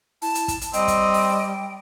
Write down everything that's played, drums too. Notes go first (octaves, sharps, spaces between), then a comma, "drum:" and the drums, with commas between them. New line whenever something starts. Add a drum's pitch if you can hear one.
E4 A5, drum: open hi-hat
drum: hi-hat
drum: kick, hi-hat
drum: hi-hat
G3 C4 D#5 G5, drum: hi-hat
drum: kick, hi-hat
drum: open hi-hat